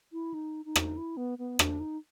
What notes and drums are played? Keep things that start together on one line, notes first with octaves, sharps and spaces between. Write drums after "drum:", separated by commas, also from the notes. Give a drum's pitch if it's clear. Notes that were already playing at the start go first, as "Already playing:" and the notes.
E4
D#4
D#4
drum: rim click
E4
B3
B3
D4, drum: rim click
D#4